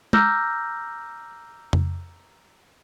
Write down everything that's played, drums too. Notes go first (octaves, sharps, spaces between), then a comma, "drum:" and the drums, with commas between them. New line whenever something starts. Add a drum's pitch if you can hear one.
A#5 D6 E6 F6 G6 A#6, drum: tom
drum: tom F2